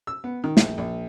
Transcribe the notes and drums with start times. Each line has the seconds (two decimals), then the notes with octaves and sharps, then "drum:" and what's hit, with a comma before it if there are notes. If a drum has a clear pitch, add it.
0.07 E6
0.24 B3
0.44 D#3
0.57 A#1, drum: snare
0.78 A#1